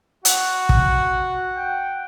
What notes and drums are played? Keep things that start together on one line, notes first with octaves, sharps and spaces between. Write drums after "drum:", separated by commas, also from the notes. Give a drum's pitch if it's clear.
F#4 F#5, drum: hi-hat
drum: kick
G5